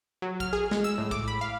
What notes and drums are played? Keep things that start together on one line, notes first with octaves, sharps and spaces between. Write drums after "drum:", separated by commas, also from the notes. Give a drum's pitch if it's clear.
F#3
F6, drum: kick
G#4
G#3, drum: snare
E6
A2
D6, drum: kick
B5
F5